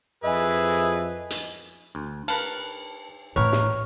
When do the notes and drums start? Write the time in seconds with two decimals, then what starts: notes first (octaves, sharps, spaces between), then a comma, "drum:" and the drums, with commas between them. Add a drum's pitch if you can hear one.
0.24 F2 G#4 B4 D#5 E5 G#5
1.30 drum: hi-hat
1.95 D2
2.28 A#4 B4 F5 A5, drum: cymbal
3.36 A1 A2 A3 B4 C#5 A#5 F6
3.52 drum: snare